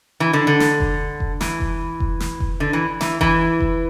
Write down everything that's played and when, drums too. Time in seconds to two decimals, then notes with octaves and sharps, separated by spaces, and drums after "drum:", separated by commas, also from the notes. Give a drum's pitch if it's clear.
0.20 E3
0.33 D3
0.47 D3
0.60 drum: snare
0.80 drum: kick F1
1.20 drum: kick F1
1.41 E3, drum: snare
1.60 drum: kick F1
2.00 drum: kick F1
2.20 drum: snare
2.40 drum: kick F1
2.60 D3
2.73 E3
3.01 E3, drum: snare
3.21 E3, drum: kick F1
3.60 drum: kick F1